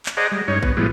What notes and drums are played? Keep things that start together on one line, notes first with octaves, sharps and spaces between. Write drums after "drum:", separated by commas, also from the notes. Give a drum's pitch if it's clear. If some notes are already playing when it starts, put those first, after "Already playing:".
drum: clap
G#4 C5 D5 D#5 F#5 A#5
G3 G#3
G2 C#4 D#4 C#5
B3, drum: kick A1
A2 E3 F3 G3 G#3 B3